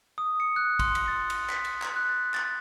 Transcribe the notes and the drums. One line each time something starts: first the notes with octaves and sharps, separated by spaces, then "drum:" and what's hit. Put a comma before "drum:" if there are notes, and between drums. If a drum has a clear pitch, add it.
D#6
C#7
F#6
C6, drum: kick, cymbal
drum: cymbal
A6
drum: cymbal
B6, drum: clap
drum: cymbal
drum: clap
F#6
A6
A6, drum: clap